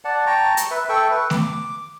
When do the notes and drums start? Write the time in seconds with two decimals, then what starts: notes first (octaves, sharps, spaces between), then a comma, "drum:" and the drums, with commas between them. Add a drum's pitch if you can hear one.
0.05 D5 F#5 A5
0.27 G5 A5 A#5 C#6
0.57 drum: hi-hat
0.71 B4 E5
0.89 A4 E5 G5 C#6
1.11 B4
1.30 D6, drum: snare A3